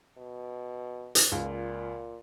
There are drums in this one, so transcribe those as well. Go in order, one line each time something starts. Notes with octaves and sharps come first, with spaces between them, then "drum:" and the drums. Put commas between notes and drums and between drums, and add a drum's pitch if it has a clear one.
B2
drum: hi-hat
C#2 A#2